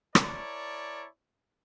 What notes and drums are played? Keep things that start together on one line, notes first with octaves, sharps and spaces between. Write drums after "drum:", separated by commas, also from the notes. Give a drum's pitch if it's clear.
E4 A#4 C#5 D5 A5, drum: rim click